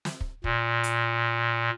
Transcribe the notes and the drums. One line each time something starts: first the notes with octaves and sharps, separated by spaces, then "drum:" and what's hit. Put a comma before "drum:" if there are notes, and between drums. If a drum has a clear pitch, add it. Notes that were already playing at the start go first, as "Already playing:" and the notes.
drum: snare
drum: kick
A#2, drum: kick
drum: hi-hat